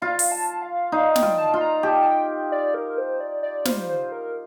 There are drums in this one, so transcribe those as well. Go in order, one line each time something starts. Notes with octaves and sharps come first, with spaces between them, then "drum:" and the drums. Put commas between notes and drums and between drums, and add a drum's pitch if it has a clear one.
F4 F5
drum: open hi-hat
A5
F5
D#4 F5
F5
G5, drum: snare
F4
A5
F4 C6
A#5
G4 A5
A5
G5
D5
A#4
C5
D5
D5
F4 C5, drum: snare
C5
A#4